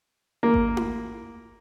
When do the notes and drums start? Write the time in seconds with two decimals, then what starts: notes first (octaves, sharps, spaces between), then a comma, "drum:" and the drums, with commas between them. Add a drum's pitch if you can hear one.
0.43 A#3
0.54 drum: kick G#1
0.77 drum: tom E4